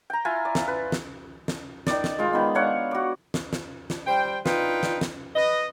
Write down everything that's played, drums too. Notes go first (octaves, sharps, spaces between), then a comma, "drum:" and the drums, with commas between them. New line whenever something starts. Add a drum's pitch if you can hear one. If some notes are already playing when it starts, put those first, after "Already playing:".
G5 A#5
E4 F4 G#5
D5
drum: snare
B4
drum: snare
drum: snare
D#3 D5, drum: snare
drum: snare
G#3 F4
D#3 B3
D4 C#5 F5 F#5
F#4 D6
drum: snare
drum: snare
drum: snare
G3 C5 G5
D4 D#4 F4 B4 G5, drum: snare
drum: snare
drum: snare
B4 D#5